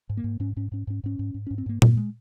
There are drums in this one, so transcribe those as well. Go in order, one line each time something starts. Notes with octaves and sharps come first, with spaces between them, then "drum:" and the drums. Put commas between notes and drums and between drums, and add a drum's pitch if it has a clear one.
G#2
A#3
G#2
G#2 C#4
G#2 C#4
G#2 C#4
G#2 C#4
G#2 C#4
G#2
G#2
G#2 C#4
C4
G#2 A#3
G2 A#3, drum: tom A#2
G#3